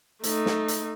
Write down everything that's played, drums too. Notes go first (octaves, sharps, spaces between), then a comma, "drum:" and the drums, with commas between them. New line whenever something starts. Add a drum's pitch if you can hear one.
A3 D#4, drum: hi-hat
drum: snare
drum: hi-hat